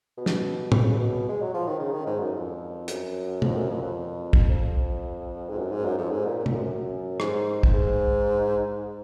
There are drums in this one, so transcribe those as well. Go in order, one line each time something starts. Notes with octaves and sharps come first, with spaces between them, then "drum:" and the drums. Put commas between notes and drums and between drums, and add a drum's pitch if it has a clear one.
B2
drum: snare
B2, drum: tom
C#3
B2
G#3
F#3
F3
D#3
C#3
D#3
G#2
F#2
F2
F#2, drum: hi-hat
F2, drum: tom
F#2
F2
F2
drum: kick
F2
G#2
F#2
G#2
F#2
F2
G#2
A#2
A#2
F2, drum: tom
F#2
F#2
G#2, drum: rim click
drum: kick
G#2